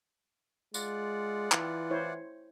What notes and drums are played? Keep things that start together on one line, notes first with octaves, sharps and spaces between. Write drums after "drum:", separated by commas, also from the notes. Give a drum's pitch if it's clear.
G#3 F4 D5 F#5, drum: tambourine
E3, drum: clap
E4 C5 C#5